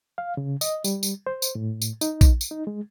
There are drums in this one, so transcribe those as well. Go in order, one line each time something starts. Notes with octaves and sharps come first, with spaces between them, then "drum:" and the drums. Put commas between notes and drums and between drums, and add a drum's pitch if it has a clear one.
F5
C#3
D#5, drum: tambourine
G3, drum: tambourine
drum: tambourine
C5
drum: tambourine
A2
drum: tambourine
D#4, drum: tambourine
drum: kick A#1, tambourine
drum: tambourine
D#4
G#3